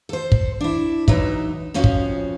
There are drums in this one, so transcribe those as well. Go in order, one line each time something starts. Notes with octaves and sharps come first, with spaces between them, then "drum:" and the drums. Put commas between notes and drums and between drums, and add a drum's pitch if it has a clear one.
A4 C5
drum: kick
D4 E4
E3 F#3 D#4 E5, drum: kick
F2 F3 C#4 F#4 F5
drum: kick